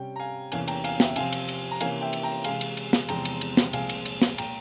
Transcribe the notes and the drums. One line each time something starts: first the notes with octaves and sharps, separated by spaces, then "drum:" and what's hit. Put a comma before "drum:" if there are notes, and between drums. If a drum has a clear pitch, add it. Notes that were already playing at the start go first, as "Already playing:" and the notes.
Already playing: C3 G3 C#4 G5
A#5
F5 G#5
E2 C3 E3 A#3 C#4 F5 G#5, drum: cymbal
G5 A#5, drum: cymbal
F5 G#5, drum: cymbal
E5 G5, drum: snare
C3 F3 C4 F5 G#5, drum: cymbal
drum: cymbal
drum: cymbal
A#5
C3 E3 A#3 C#4 F5 G#5, drum: cymbal
E5 G5
drum: cymbal
G5 A#5
C3 E3 G#3 F5 G#5, drum: cymbal
drum: cymbal
drum: cymbal
drum: snare
E2 C3 F3 G#3 C4 G5 A#5, drum: cymbal
drum: cymbal
drum: cymbal
drum: snare
C2 A#2 F3 G#3 C4 F5 G#5, drum: cymbal
drum: cymbal
drum: cymbal
drum: snare
A#2 G#3 G5 A#5, drum: cymbal